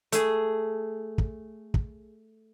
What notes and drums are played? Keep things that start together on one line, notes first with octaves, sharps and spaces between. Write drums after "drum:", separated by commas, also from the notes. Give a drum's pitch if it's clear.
A3 G#4, drum: hi-hat
drum: kick
drum: kick